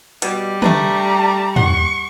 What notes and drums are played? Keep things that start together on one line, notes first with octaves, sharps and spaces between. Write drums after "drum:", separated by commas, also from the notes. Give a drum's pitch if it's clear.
B2 G3, drum: hi-hat
A3 D4 B4 A#5, drum: tom
F#5 C#6, drum: tom